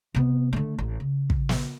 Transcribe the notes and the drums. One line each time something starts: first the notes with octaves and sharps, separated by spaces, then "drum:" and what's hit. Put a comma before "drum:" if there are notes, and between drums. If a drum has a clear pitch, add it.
C3 B3
D3 A3
A1
C#3
drum: kick
drum: snare